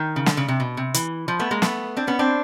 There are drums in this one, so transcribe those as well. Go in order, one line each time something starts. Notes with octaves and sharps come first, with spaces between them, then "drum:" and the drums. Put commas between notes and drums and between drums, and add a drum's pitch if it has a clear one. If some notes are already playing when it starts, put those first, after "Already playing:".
Already playing: D#3
C#3
D3, drum: snare
C#3
C3
B2
C3
E3, drum: hi-hat
F3
A3 B3
G#3 A#3
A3 B3, drum: snare
C4 D4
B3 C#4
C4 D4